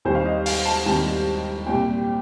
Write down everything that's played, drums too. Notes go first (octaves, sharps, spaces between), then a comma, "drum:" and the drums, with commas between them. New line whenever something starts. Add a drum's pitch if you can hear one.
D#2 D#3 G3 C4 C5
F5
D#5
F5, drum: open hi-hat
A5
D#2 D#3 G3 C4 A5
C2 A#2 G3 C4 G5